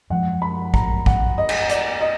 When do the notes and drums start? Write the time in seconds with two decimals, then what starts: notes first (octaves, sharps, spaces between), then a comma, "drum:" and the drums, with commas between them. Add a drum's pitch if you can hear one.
0.10 F#2 F3 G#3 F#5
0.42 B5
0.74 A#5, drum: kick
1.06 F#5, drum: kick
1.38 D#5
1.49 drum: cymbal
1.69 D5, drum: hi-hat
2.01 D#5